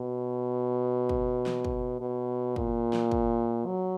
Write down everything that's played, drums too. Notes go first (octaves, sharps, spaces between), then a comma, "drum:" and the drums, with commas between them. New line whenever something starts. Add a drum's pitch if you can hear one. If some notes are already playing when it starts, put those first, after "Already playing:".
Already playing: B2
drum: kick
drum: snare
drum: kick
B2
A#2, drum: kick
drum: snare
drum: kick
F#3